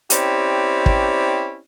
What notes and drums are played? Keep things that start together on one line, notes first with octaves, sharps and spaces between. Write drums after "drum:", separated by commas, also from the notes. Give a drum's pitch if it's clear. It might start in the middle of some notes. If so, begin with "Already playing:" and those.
C4 C#4 E4 G4 D5, drum: hi-hat
drum: kick